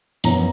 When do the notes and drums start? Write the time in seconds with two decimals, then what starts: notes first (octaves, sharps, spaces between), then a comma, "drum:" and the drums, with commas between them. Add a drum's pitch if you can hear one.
0.24 F#2 F3 B3 A#5, drum: hi-hat